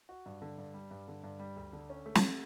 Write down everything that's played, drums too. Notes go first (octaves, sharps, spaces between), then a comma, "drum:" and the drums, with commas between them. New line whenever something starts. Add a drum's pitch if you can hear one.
F#4
G2
D3
G2
G3
G2
D3
G2
G3
D2
D3
C#4
A3
drum: snare